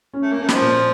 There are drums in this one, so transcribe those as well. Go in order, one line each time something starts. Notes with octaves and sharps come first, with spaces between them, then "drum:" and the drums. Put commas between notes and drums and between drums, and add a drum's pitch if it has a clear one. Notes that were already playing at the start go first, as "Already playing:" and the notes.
C#4
A3
A#3
A3 C#4
D#3, drum: snare
F3
A#2